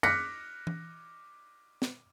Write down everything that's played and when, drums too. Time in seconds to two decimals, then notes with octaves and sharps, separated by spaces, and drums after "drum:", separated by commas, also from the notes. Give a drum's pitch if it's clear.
0.03 D6 F6 F#6 A#6 B6 C#7, drum: cymbal
0.67 drum: tom E3
1.82 drum: snare